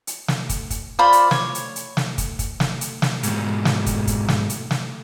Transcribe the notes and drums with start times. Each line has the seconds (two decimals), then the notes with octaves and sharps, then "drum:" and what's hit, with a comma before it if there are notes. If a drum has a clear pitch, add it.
0.07 drum: hi-hat
0.28 drum: snare
0.49 drum: kick, hi-hat
0.70 drum: kick, hi-hat
0.99 F4 C5 D5 B5
1.13 drum: hi-hat
1.31 C#5, drum: snare
1.55 drum: hi-hat
1.76 drum: hi-hat
1.97 drum: snare
2.18 drum: kick, hi-hat
2.39 drum: kick, hi-hat
2.60 drum: snare
2.81 drum: hi-hat
3.02 drum: snare
3.23 G#2 B2, drum: hi-hat
3.65 drum: snare
3.86 drum: kick, hi-hat
4.07 drum: kick, hi-hat
4.28 drum: snare
4.50 drum: hi-hat
4.71 drum: snare